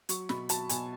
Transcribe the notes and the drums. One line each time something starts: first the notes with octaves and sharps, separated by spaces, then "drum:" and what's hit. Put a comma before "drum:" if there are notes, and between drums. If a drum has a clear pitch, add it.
F#3 C#6, drum: hi-hat
B2 B5, drum: snare
F#3 A5, drum: hi-hat
B2 G#5, drum: hi-hat